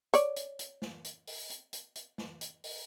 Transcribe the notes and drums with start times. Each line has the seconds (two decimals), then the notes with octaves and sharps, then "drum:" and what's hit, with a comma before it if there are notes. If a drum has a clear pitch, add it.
0.14 C#5 D5, drum: hi-hat
0.36 drum: hi-hat
0.59 drum: hi-hat
0.82 drum: snare
1.04 drum: hi-hat
1.27 drum: open hi-hat
1.50 drum: hi-hat
1.73 drum: hi-hat
1.95 drum: hi-hat
2.18 drum: snare
2.41 drum: hi-hat
2.64 drum: open hi-hat